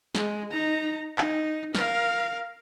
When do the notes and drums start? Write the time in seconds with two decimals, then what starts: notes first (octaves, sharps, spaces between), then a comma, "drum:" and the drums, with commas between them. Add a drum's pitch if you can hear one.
0.15 G#3, drum: snare
0.51 D#4 A#5
1.18 D#4, drum: clap
1.75 A#4 F5, drum: snare